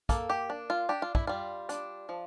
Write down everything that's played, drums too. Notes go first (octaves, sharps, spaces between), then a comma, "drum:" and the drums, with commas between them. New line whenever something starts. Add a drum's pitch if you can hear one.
A#3 A4, drum: kick, hi-hat
G4
D4
F4
D4 G4
F4
E4, drum: kick
G3 F4
D4, drum: hi-hat
F3